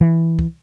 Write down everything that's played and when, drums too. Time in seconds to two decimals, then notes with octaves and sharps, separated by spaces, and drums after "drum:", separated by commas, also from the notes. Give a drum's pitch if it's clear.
0.01 E3
0.39 drum: kick